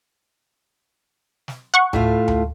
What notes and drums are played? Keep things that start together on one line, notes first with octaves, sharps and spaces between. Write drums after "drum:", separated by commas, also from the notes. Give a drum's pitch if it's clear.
drum: snare
F#5 C#6
A2 A3 F4, drum: tom D2
drum: tom D2